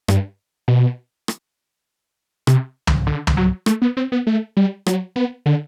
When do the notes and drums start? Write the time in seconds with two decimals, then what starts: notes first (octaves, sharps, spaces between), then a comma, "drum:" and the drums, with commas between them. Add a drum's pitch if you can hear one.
0.08 G2, drum: rim click
0.68 B2
1.28 drum: rim click
2.47 C3, drum: rim click
2.87 drum: tom
3.07 D3
3.27 drum: tom
3.37 F#3
3.66 A3, drum: rim click
3.82 B3
3.97 C4
4.12 B3
4.27 A3
4.57 G3
4.86 F#3, drum: rim click
5.16 B3
5.46 D3